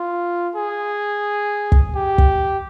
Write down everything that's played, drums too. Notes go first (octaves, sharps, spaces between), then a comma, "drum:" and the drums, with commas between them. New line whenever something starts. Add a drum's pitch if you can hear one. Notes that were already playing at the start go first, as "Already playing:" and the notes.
Already playing: F4
G#4
drum: kick
G4
drum: kick